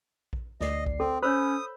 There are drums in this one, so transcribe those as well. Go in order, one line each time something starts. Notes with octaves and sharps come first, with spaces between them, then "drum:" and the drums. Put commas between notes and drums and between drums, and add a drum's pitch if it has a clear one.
drum: kick A#1
D2 D5 D#5 C7, drum: snare
drum: kick A#1
C4 A4
C#4 C5 C#5 B5 D#6 E6 G6